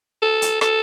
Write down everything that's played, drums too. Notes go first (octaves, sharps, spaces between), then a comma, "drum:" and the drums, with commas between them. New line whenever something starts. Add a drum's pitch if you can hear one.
A4
drum: hi-hat
A4, drum: rim click